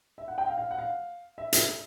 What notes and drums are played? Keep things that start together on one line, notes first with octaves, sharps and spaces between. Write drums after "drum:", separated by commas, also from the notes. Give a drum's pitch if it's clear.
E5
F#5
G5
F5
F5
F#5
F5
E5
drum: hi-hat